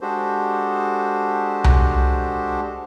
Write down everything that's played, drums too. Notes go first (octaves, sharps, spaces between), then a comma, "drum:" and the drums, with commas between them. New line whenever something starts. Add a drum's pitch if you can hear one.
G#3 D4 F#4 G4 A4 C5
drum: tom C2